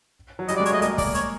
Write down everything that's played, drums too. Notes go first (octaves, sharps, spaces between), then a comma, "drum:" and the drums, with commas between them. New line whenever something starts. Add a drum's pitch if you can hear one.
F#3
G3 D#5, drum: hi-hat
D5
G#3
C#5, drum: hi-hat
A3 D#5
G#3 A#3 D#5, drum: hi-hat
D5, drum: kick, open hi-hat
C#5, drum: hi-hat